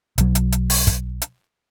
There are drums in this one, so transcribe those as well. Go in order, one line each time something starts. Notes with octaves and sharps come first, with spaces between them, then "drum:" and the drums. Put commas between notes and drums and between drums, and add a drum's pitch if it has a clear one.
B1 F#3, drum: hi-hat
drum: hi-hat
drum: hi-hat
drum: open hi-hat
drum: kick, hi-hat
drum: hi-hat